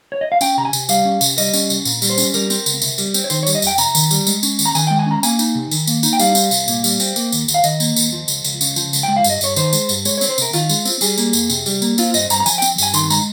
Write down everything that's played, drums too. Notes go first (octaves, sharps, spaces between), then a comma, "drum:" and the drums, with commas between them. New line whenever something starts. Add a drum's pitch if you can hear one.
C#5
D#5
F5
C#4 G5, drum: tambourine
C3 A#5
G#5
C3, drum: tambourine
G3 F5, drum: tambourine
C#4
C3, drum: tambourine
G3 D#5, drum: tambourine
C#4, drum: tambourine
C2, drum: tambourine
A#2, drum: tambourine
G3, drum: tambourine
C5
C#4, drum: tambourine
G3 A#4, drum: tambourine
C4, drum: tambourine
C#2, drum: tambourine
C3, drum: tambourine
G3, drum: tambourine
C4, drum: tambourine
C#5
D#3 C5, drum: tambourine
C#5
G3, drum: tambourine
D#5
F2 G5, drum: tambourine
C3 A#5, drum: tambourine
D#3, drum: tambourine
G3, drum: tambourine
G#3, drum: tambourine
C#4, drum: tambourine
D#2, drum: tambourine
A#5
D#3 G#5, drum: tambourine
G#3 G5
G#5
C#4 A#5
A#3 G#5, drum: tambourine
D#4, drum: tambourine
C3
D#3, drum: tambourine
A#3, drum: tambourine
D#4, drum: tambourine
G5
G3 F5, drum: tambourine
C4, drum: tambourine
C2, drum: tambourine
A#2, drum: tambourine
G3, drum: tambourine
C4, drum: tambourine
A#3, drum: tambourine
D#2, drum: tambourine
D#2, drum: tambourine
F5
D#3 D#5, drum: tambourine
A#3, drum: tambourine
D#2, drum: tambourine
F3
C#2, drum: tambourine
C#2, drum: tambourine
C#3, drum: tambourine
F3, drum: tambourine
C#2, drum: tambourine
G#3 G5
F5
G2, drum: tambourine
D#5
G2 C#5, drum: tambourine
D#3 C5, drum: tambourine
G#3, drum: tambourine
G2, drum: tambourine
G#3 C#5, drum: tambourine
C#5
C4, drum: tambourine
C5
C3 A#4, drum: tambourine
D#3 F4, drum: tambourine
G#3, drum: tambourine
C4, drum: tambourine
G3 G#4, drum: tambourine
A#3, drum: tambourine
F2, drum: tambourine
C3, drum: tambourine
G3, drum: tambourine
A#3, drum: tambourine
C4 F4, drum: tambourine
G2 D#5, drum: tambourine
G2 A#5, drum: tambourine
A#5
F3 G#5, drum: tambourine
G5
C4, drum: tambourine
G2 G#5, drum: tambourine
D#3 C6, drum: tambourine
G#3 A#5, drum: tambourine